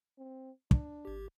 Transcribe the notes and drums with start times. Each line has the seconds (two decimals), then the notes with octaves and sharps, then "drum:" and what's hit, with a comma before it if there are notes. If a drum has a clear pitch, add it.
0.18 C4
0.71 D4, drum: kick
1.05 G#1 G4